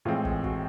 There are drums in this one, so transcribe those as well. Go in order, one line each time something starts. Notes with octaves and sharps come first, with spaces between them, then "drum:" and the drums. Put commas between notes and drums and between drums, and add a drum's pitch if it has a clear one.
A2 E3 G#3 C4 F4
drum: kick
F#4, drum: kick